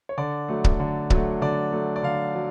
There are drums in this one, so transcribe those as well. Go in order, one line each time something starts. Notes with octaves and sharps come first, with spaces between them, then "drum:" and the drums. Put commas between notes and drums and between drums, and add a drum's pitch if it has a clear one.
C#5
D3 D5
F#3 A3
drum: kick C#1
D3
F#3 A3, drum: kick C#1
D3 D5
F#3 A3
D5
D3 F5
F#3